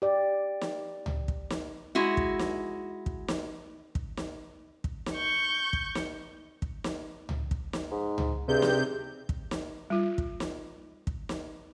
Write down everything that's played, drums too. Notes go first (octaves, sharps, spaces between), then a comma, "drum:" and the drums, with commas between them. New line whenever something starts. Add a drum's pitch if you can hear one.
G4 D5
drum: snare
drum: tom C#2
drum: kick
drum: snare
G#3 E4 F#4
drum: kick
drum: snare
drum: kick
drum: snare
drum: kick
drum: snare
drum: kick
drum: snare
C#6 G6
drum: kick
drum: snare
drum: kick
drum: snare
drum: tom C#2
drum: kick
drum: snare
G#2
drum: tom C#2
G2 C3 G#4 G6
drum: snare
drum: kick
drum: snare
G3 F4
drum: kick
drum: snare
drum: kick
drum: snare